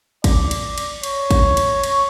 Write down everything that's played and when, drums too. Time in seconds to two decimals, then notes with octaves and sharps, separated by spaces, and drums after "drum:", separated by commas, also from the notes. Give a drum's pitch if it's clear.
0.24 D5, drum: kick, cymbal
0.51 drum: cymbal
0.78 drum: cymbal
1.03 C#5, drum: cymbal
1.31 drum: kick, cymbal
1.57 drum: cymbal
1.84 drum: cymbal